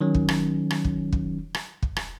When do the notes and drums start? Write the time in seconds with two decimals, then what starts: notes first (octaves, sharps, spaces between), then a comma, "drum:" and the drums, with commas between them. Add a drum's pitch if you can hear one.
0.01 D#3 F#3 C#4
0.15 drum: kick
0.29 drum: rim click
0.71 drum: rim click
0.85 drum: kick
1.13 drum: kick
1.54 drum: rim click
1.82 drum: kick
1.96 drum: rim click